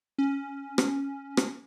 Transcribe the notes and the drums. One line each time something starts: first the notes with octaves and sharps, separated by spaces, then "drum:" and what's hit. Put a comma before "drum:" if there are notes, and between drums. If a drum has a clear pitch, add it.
C#4
drum: rim click
drum: rim click